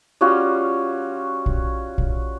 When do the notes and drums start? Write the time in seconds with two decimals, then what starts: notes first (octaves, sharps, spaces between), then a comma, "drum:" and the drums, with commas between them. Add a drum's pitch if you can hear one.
0.21 G3 C#4 F4 F#4
1.46 drum: kick A#1
1.98 drum: kick A#1